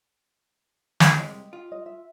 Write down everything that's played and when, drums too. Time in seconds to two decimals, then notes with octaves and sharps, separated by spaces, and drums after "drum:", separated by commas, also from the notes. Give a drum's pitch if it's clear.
1.00 drum: snare
1.16 C2 G#3 G4 D#5
1.53 F4
1.72 D#5
1.86 E5